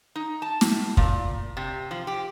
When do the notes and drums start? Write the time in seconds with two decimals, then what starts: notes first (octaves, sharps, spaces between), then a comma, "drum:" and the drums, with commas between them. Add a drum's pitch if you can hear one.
0.16 D#4
0.42 A5
0.61 A2, drum: snare
0.97 A#2, drum: kick
1.57 C3
1.91 F3
2.07 G4